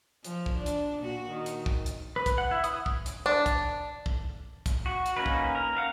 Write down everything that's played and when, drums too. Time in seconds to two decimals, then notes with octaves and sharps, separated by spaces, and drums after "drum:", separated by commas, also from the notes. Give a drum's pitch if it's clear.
0.24 F3, drum: hi-hat
0.46 drum: kick
0.57 D4
0.66 drum: hi-hat
0.99 A#2 F#4
1.30 D#3
1.46 drum: hi-hat
1.66 drum: kick
1.86 drum: hi-hat
2.16 B4
2.26 drum: kick, hi-hat
2.38 F#5
2.51 E4
2.64 D#6, drum: hi-hat
2.86 drum: kick
3.06 drum: hi-hat
3.26 D4
3.46 drum: kick, hi-hat
4.06 drum: kick
4.66 drum: kick, hi-hat
4.86 F#4
5.06 drum: hi-hat
5.17 A#3 C#4 D#4 B4
5.26 drum: kick
5.55 A#4
5.77 F5 F#5